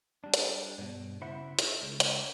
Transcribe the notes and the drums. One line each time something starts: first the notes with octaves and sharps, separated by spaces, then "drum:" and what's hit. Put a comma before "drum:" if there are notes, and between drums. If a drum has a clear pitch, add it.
G3 D4
drum: hi-hat
G2 B2
C#3 E4 C5 E5 F#5 B5
G#4 A#4 C#5 D#5 E5, drum: hi-hat
C#2
drum: hi-hat